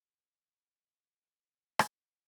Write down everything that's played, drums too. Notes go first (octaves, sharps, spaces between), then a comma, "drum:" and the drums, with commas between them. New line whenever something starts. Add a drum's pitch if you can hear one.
B2 D3 A3 D6
drum: rim click